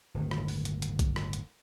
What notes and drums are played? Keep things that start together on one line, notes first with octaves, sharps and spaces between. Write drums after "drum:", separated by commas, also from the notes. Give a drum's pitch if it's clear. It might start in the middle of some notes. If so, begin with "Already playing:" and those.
D1 G1 D#3
drum: rim click
drum: open hi-hat
drum: hi-hat
drum: hi-hat
drum: kick B1, hi-hat
drum: rim click
drum: hi-hat